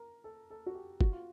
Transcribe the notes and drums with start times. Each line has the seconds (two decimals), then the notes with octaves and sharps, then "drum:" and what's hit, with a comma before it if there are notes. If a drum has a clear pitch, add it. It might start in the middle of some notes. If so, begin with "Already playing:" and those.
Already playing: A#4
0.24 A4
0.50 A4
0.66 F#4
0.74 G4
1.01 F#4, drum: kick
1.12 F4